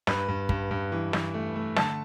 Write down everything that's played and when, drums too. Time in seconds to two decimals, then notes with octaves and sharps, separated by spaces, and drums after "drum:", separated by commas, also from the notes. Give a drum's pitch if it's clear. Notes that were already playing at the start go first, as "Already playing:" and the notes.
0.07 G2 B4, drum: snare
0.28 G2
0.49 G2, drum: kick
0.71 G2
0.92 E3
1.13 E3, drum: snare
1.34 A3
1.56 A3
1.76 D3 A5, drum: snare